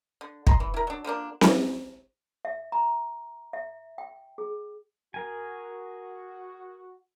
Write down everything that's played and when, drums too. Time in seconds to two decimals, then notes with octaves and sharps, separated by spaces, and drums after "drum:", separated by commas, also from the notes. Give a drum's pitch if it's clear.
0.21 D3
0.47 D#5 A#5 C6, drum: kick
0.60 E3
0.74 E4 A#4
0.87 F#3 D4
1.04 D3 F3 A#3 D4
1.41 drum: snare C4
2.45 E5
2.72 A#5
3.53 E5
3.98 G5
4.38 G#4
5.14 F#4 G#4 A#4 G#5